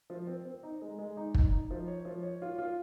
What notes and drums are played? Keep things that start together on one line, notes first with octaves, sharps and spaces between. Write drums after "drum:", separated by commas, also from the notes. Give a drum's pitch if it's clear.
F3
C4
C4
D#4
G#3
G#3
D#4
D#4, drum: kick
D#4
F3
C#5
F3
C#5
F4
F4